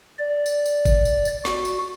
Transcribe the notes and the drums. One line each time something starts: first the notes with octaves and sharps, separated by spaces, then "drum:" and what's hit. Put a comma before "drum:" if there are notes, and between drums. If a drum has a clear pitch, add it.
D5
drum: tambourine
drum: tambourine
drum: kick G1, tambourine
drum: tambourine
drum: tambourine
F#4, drum: snare
drum: tambourine